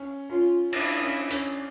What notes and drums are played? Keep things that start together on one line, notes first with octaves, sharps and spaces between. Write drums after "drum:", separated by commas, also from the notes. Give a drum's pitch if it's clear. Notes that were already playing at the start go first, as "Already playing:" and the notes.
Already playing: C#4
C#4 F4
D4 E4, drum: cymbal
C#4
C#4, drum: hi-hat